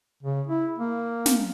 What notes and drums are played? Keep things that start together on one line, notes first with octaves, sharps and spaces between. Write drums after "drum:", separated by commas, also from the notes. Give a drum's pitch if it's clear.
C#3
E4
A#3
drum: snare